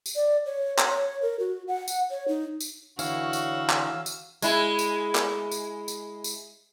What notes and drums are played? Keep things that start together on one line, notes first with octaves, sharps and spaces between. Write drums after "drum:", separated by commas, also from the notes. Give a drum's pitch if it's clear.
drum: tambourine
D5
C#5
drum: clap
C#5
A#4
F#4
F#5
drum: tambourine
C#5
D#4
drum: tambourine
D3 E3 F#4 C#5 F5 E6, drum: tambourine
drum: tambourine
drum: clap
drum: tambourine
G#3 E4, drum: tambourine
drum: tambourine
drum: clap
drum: tambourine
drum: tambourine
drum: tambourine